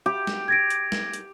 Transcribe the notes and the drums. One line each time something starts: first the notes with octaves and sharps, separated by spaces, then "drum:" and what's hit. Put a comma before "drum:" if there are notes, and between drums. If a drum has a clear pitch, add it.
G4
drum: snare
G#6 A#6 D7
drum: hi-hat
drum: snare
drum: hi-hat